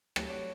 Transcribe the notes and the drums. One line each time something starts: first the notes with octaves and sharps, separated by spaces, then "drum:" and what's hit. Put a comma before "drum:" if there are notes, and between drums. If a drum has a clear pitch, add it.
G2 F#3 A3 A4 C#5, drum: rim click
D5 F#5